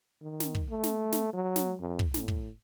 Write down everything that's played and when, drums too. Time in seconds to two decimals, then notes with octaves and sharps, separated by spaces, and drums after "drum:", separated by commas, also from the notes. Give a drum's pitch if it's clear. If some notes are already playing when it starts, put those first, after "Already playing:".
0.22 D#3
0.40 drum: snare
0.55 drum: kick
0.69 A3
0.83 drum: snare
1.12 drum: snare
1.33 F#3
1.56 drum: snare
1.80 F2
1.99 drum: kick
2.14 A2, drum: snare
2.28 drum: kick